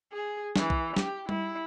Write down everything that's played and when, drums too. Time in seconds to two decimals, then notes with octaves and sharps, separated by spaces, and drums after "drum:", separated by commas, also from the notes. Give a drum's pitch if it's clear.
0.13 G#4
0.56 E3, drum: snare
0.70 drum: kick B1
0.97 G4, drum: snare
1.29 E4, drum: tom G3